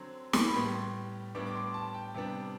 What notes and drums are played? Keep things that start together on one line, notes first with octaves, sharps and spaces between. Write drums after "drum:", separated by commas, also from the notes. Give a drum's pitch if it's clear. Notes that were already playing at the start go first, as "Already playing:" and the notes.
Already playing: D3 F#3 C4
drum: snare
B5
A2 G3 B3 C6
A2 G3 B3 D4 D6
D6
C6
A5
G5
C3 G3 B3 D4